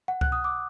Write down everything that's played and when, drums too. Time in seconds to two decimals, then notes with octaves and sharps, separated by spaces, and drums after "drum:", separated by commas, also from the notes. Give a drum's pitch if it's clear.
0.08 F#5
0.21 F#6, drum: kick C#2
0.32 D#6
0.44 D6